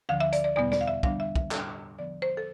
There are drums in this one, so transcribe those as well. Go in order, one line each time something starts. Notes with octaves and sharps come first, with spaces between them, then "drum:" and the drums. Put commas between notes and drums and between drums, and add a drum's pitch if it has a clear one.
D2 D3 F3 F5
E5
D5, drum: hi-hat
D5
E2 B2 G3 B3 D5
D5, drum: snare
F5
E5
D3 G3 B3 D4 F5, drum: kick
E5
E5, drum: kick
A2 G3 D4 A4, drum: clap
D3 F3 B3 D5
C5
A4